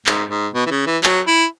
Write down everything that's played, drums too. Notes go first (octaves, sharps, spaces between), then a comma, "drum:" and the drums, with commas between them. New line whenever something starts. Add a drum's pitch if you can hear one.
G#2, drum: clap
G#2
B2
E3
C#3
E3
F#3, drum: clap
E4